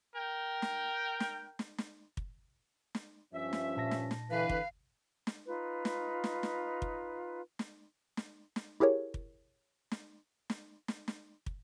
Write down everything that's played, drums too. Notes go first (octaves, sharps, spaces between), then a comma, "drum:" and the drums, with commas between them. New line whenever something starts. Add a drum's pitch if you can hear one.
A#4 G5
drum: snare
drum: snare
drum: snare
drum: snare
drum: kick
drum: snare
G2 F3 C#4 E5
drum: snare
A#2 A5 A#6
drum: snare
drum: snare
D3 E3 B4 F5
drum: kick
drum: snare
D#4 F4 B4
drum: snare
drum: snare
drum: snare
drum: kick
drum: snare
drum: snare
drum: snare
E4 G4 G#4 A#4 C#5
drum: kick
drum: snare
drum: snare
drum: snare
drum: snare
drum: kick